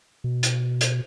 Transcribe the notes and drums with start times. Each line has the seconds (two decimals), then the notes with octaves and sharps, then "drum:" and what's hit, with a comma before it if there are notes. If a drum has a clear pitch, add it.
0.24 B2
0.43 drum: hi-hat
0.81 drum: hi-hat